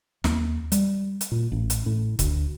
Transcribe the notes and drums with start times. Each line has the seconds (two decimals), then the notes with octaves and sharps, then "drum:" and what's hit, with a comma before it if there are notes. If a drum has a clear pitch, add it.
0.24 D#2, drum: snare
0.72 G3, drum: hi-hat
1.21 drum: hi-hat
1.32 A#2
1.52 A1
1.70 drum: hi-hat
1.86 A2
2.19 D2, drum: kick, hi-hat